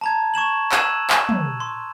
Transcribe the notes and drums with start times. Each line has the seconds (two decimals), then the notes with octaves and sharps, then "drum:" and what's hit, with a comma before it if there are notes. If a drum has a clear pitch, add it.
0.01 A5 A#5 G#6
0.34 C#6 G#6 E7 F#7
0.72 E6 F#6 G#6 D#7 E7 F#7, drum: clap
1.10 drum: clap
1.29 drum: tom
1.60 C6